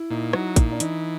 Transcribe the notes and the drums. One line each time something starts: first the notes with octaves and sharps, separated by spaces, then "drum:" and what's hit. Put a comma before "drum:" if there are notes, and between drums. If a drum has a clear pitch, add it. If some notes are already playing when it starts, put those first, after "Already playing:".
Already playing: E4
A#2 D#4
F#3 D#4, drum: rim click
A#2, drum: kick, hi-hat
D4
E3 D#4, drum: hi-hat